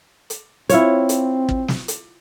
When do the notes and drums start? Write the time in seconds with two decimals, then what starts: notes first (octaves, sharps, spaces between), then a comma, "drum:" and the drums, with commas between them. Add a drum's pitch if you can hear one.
0.30 drum: hi-hat
0.69 C4 E4 F4 C#5, drum: hi-hat
1.09 drum: hi-hat
1.49 drum: kick
1.68 drum: snare
1.88 drum: hi-hat